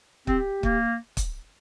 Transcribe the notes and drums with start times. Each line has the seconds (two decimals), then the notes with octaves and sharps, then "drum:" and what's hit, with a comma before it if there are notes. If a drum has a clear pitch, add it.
0.27 C4 G4, drum: kick
0.63 A#3, drum: kick
1.17 drum: kick, hi-hat